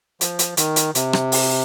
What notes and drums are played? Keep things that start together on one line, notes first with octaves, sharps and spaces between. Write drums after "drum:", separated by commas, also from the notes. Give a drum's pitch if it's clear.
F3, drum: hi-hat
drum: hi-hat
D#3, drum: hi-hat
drum: hi-hat
C3, drum: hi-hat
drum: rim click
drum: open hi-hat